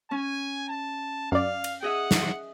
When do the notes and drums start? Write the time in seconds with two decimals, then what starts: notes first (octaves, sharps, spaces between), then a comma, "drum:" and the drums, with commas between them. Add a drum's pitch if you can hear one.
0.11 C#4 G#5
0.69 A5
1.32 F#2 D5 F5
1.64 drum: cymbal
1.82 G#4 D#5 E5 F#5
2.11 drum: snare